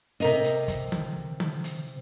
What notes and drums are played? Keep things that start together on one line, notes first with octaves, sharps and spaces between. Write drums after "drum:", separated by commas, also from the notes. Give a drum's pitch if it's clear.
C3 A#4 D#5, drum: hi-hat
drum: hi-hat
drum: kick, hi-hat
drum: tom D3
drum: tom D3
drum: hi-hat